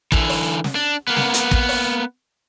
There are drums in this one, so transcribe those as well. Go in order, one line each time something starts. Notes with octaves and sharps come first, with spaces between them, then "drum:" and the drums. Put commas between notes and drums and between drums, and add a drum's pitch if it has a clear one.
D3 E3, drum: kick
drum: open hi-hat
drum: snare
D4
A#3 B3
drum: snare
drum: hi-hat
drum: kick
drum: open hi-hat